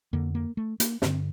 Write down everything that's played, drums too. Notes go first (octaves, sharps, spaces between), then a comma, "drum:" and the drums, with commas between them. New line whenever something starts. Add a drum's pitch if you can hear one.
F2 D3 A#3
A#3
A3
A#3, drum: hi-hat
G2 D3 C4, drum: snare